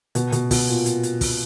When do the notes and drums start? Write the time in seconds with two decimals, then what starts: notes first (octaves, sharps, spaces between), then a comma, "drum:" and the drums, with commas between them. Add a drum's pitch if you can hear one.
0.15 B2, drum: hi-hat
0.32 B2, drum: hi-hat
0.51 B2, drum: kick, open hi-hat
0.68 A#2
0.86 drum: hi-hat
1.03 drum: hi-hat
1.21 drum: kick, open hi-hat